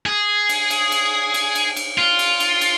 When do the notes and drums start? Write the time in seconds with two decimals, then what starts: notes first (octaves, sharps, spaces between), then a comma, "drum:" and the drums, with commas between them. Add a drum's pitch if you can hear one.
0.06 G#4
0.49 drum: cymbal
0.70 drum: cymbal
0.92 drum: cymbal
1.34 drum: cymbal
1.55 drum: cymbal
1.76 drum: cymbal
1.98 F4
2.19 drum: cymbal
2.40 drum: cymbal
2.61 drum: cymbal